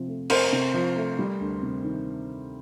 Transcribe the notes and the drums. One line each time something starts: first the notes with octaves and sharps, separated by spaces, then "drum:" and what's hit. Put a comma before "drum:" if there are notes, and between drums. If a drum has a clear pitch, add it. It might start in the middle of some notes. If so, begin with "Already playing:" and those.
Already playing: C3 F3 C4
A3
C4 A#4 C5, drum: cymbal
C3
F3
A3
G3
D2
C3
D#3